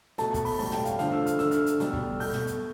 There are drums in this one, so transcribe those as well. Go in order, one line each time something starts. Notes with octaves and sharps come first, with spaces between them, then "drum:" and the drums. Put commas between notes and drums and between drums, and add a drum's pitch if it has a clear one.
B2 A3 A5, drum: snare
A5, drum: kick, hi-hat
B5, drum: open hi-hat
A2 G3 A5, drum: open hi-hat
G5, drum: tom
F5, drum: hi-hat
D3 F3 A3 F5, drum: snare
E6
F6, drum: hi-hat
D3 A3 E6, drum: snare
F6, drum: hi-hat
drum: hi-hat
B2 G3, drum: snare
drum: kick
B2 A3 G6, drum: open hi-hat
drum: tom
drum: hi-hat